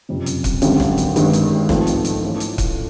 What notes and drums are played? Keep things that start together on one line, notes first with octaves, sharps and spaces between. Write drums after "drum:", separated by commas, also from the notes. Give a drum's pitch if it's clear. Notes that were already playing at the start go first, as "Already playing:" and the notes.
F#1 F2 C3
drum: hi-hat
drum: kick, hi-hat
G#1 F#2 D3 G3 C4, drum: hi-hat
drum: snare
drum: hi-hat
G1 G2 D#3 G#3, drum: hi-hat
drum: hi-hat
G#2 F3 A3 C4 F4, drum: snare
drum: hi-hat
drum: hi-hat
E3 A3 C#4 F4 A4
drum: hi-hat
drum: kick, hi-hat